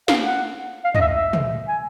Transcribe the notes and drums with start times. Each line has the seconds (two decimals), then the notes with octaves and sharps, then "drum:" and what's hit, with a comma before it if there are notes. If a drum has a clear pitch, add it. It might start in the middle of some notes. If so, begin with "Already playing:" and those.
0.08 F5, drum: snare
0.23 F#5
0.84 F5
0.95 D#5, drum: tom
1.01 E5
1.16 E5
1.33 drum: tom
1.68 G#5